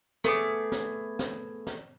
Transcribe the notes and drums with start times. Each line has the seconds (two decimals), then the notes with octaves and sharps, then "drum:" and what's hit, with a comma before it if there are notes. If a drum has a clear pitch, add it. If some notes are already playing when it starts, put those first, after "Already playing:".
0.24 A3 B3 G#4 D6, drum: snare
0.72 drum: snare
1.19 drum: snare
1.67 drum: snare